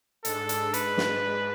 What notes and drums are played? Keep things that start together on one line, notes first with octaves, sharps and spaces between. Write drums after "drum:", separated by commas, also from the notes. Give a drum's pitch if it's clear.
G#2 G#3 D4 A4, drum: hi-hat
drum: hi-hat
B4, drum: hi-hat
drum: snare